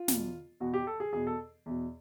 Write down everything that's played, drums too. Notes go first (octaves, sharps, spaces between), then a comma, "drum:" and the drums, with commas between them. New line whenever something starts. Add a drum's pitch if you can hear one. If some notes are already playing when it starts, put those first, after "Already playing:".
Already playing: F4
E2 B2, drum: snare
E2 B2 F#4
G4
A4
G#4
E2 B2 G#4
A4
E2 B2